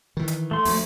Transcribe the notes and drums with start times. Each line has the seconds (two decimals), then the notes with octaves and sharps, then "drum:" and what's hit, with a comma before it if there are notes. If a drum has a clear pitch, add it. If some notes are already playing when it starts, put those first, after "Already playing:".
0.17 D#3 E3
0.28 drum: hi-hat
0.51 A3 C6
0.65 D2 F3, drum: open hi-hat